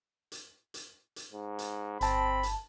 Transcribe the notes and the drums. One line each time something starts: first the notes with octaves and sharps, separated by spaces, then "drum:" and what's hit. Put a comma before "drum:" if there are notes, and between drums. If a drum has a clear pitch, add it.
drum: hi-hat
drum: hi-hat
drum: hi-hat
G#2
drum: hi-hat
G1 C4 A5 B5, drum: hi-hat
drum: hi-hat